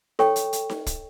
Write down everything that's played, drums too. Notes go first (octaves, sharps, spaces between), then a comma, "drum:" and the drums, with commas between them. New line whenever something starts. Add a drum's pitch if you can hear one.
A4 C#5 G5 C#6, drum: snare D#4
drum: hi-hat
drum: hi-hat
drum: snare D#4
drum: kick, hi-hat